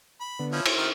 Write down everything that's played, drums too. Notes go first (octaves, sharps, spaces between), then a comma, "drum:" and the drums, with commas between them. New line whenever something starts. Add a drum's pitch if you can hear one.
B5
D3 B3
F3 C#4 E4
C#4 E4 C5, drum: cymbal
D#3 F6